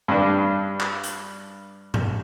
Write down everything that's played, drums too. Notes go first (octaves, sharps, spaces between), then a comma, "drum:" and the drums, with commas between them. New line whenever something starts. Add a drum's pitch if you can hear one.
G2 D4
drum: clap
drum: hi-hat
drum: tom G2